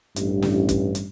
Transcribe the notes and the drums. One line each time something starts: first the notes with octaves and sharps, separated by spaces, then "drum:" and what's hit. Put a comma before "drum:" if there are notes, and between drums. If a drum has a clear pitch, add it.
A1 G2, drum: hi-hat
drum: snare
drum: kick, hi-hat
drum: hi-hat